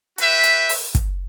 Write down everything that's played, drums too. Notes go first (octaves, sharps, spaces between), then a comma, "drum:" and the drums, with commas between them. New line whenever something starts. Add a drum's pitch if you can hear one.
F#4 B4 E5 G5, drum: hi-hat
drum: hi-hat
drum: open hi-hat
drum: kick, hi-hat